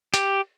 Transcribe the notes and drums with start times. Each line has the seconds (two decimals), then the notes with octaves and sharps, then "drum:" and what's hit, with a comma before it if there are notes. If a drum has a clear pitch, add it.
0.14 G4, drum: hi-hat